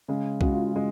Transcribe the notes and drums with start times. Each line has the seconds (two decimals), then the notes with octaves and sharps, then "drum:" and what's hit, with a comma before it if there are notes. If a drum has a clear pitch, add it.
0.08 C#3 G#3
0.41 C#3 G#3 F#4, drum: kick B1
0.52 F4
0.63 F#4
0.74 C#3 G#3 F#4